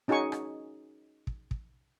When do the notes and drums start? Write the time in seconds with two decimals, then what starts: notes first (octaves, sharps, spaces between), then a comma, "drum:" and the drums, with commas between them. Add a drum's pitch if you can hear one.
0.08 C#4 D#4 F#4 G#4 G#5 C#6
0.32 drum: rim click
1.27 drum: kick
1.51 drum: kick